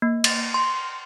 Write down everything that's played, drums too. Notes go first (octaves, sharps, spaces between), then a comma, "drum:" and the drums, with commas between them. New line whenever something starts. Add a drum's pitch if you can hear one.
A#3
A6, drum: cymbal
C6